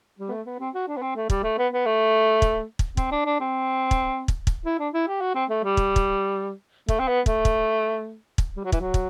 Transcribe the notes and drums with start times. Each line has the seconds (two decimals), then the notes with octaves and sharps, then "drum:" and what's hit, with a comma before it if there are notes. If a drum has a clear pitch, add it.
0.19 G3
0.29 B3
0.32 A3
0.46 B3
0.60 C4
0.74 F#4
0.88 D4
0.97 B3
1.02 C4
1.16 A3
1.30 G3, drum: kick
1.44 A3
1.58 B3
1.73 B3
1.86 A3
2.42 drum: kick
2.79 drum: kick
2.97 C4, drum: kick
3.12 D4
3.26 D4
3.40 C4
3.91 drum: kick
4.28 drum: kick
4.47 drum: kick
4.65 E4
4.79 D4
4.94 E4
5.08 G4
5.21 F#4
5.35 C4
5.50 A3
5.64 G3
5.77 drum: kick
5.96 drum: kick
6.88 A3, drum: kick
6.99 C4
7.08 B3
7.26 A3, drum: kick
7.45 drum: kick
8.38 drum: kick
8.57 G3
8.64 F#3
8.72 E3, drum: kick
8.81 F#3
8.94 drum: kick